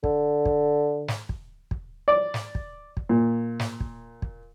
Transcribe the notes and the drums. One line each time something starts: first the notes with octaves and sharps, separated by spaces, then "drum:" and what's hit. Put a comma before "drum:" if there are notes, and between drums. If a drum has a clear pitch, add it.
D3, drum: kick
drum: kick
drum: snare
drum: kick
drum: kick
D5
drum: snare
drum: kick
drum: kick
A#2
drum: snare
drum: kick
drum: kick